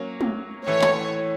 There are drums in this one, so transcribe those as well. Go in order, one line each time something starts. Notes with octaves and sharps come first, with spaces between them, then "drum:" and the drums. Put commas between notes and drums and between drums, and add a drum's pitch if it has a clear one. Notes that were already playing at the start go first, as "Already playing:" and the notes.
Already playing: F#3 A#3 C#4
drum: tom G#3
A2 E3 A3 C#5
drum: clap